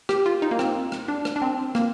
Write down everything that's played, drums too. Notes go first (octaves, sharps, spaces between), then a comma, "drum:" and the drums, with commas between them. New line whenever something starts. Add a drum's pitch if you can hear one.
G4, drum: rim click
F4
D#4
A#3
C4, drum: rim click
drum: rim click
D4
drum: rim click
D4
C4
A#3, drum: rim click